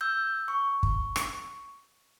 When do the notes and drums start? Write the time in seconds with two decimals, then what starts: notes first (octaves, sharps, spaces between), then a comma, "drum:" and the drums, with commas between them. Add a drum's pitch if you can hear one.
0.01 E6 G6
0.48 C#6
0.83 drum: kick
1.16 drum: rim click